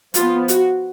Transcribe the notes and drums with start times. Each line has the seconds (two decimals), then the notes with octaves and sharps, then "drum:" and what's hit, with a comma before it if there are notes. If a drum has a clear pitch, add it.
0.14 F3 B3 F4, drum: hi-hat
0.48 F#4, drum: hi-hat